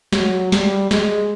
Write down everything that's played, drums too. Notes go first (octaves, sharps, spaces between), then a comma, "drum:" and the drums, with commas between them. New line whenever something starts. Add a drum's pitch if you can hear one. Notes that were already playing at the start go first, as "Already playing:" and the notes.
F#3, drum: snare
G3, drum: snare
G#3, drum: snare